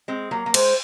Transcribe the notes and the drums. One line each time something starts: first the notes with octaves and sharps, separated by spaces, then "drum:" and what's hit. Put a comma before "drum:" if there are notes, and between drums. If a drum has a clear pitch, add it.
G#3 C4
F#3 A#3
A#3
G#3 C5, drum: cymbal